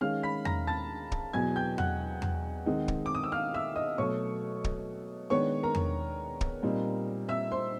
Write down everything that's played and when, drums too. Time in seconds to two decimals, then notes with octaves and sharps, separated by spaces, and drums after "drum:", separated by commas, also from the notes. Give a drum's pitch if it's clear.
0.01 D#3 G#3 C#4 F5 F6
0.23 B5 B6
0.45 A#5 A#6, drum: tom E2
0.67 A5 A6
1.12 drum: kick
1.33 E2 B2 F#3 G#5 G#6
1.56 G5 G6
1.78 F#5 F#6, drum: tom E2
2.22 drum: tom E2
2.66 D#3 G#3 C4 D#4
2.88 drum: kick
3.06 D6
3.15 D#6
3.23 E6
3.32 F5 F6
3.54 E5 E6
3.76 D#5 D#6
3.98 B2 F#3 A3 C#5 C#6
4.64 drum: kick
5.30 D#3 G#3 B3 D4 C#5 C#6
5.63 A#4 A#5
5.75 drum: tom E2
6.41 drum: kick
6.63 A#2 G3 C4 D#4
7.29 E5 E6
7.52 C5 C6